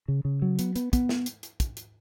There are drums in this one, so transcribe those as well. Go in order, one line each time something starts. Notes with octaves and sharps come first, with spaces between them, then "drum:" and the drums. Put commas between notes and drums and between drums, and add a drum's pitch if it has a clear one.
C#3
C#3
F#3
B3, drum: hi-hat
B3, drum: hi-hat
B3, drum: kick, hi-hat
drum: snare
drum: hi-hat
drum: hi-hat
drum: kick, hi-hat
drum: hi-hat